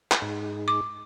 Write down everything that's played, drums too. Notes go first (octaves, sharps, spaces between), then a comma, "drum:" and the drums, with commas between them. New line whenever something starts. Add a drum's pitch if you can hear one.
drum: clap
G#2 D#4 G#4
D6